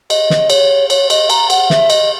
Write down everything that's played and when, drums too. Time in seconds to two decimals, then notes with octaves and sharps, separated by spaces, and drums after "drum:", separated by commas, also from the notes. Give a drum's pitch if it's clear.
0.10 D#5, drum: cymbal
0.30 drum: snare
0.50 C#5, drum: cymbal
0.90 C#5, drum: cymbal
1.10 D#5, drum: cymbal
1.30 A#5, drum: cymbal
1.50 F#5, drum: cymbal
1.70 E5, drum: snare
1.90 D#5, drum: cymbal